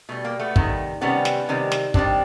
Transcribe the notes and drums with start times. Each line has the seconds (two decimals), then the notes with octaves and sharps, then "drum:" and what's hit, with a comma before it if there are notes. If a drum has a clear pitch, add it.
0.09 B2 G3 A3
0.25 A#3
0.39 A3 B3
0.56 C3 D#3 G3, drum: kick
1.01 C3 D#3 G3 B3 C#4
1.25 drum: snare
1.49 C3 D#3 G3
1.72 drum: snare
1.94 C3 D#3 G3 C4 D4, drum: kick